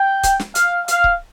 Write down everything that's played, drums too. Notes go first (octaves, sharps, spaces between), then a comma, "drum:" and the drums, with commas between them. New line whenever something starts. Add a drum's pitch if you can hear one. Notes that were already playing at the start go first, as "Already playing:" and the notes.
Already playing: G5
drum: kick C#1, hi-hat
drum: snare
F5, drum: hi-hat
F5, drum: hi-hat
drum: kick C#1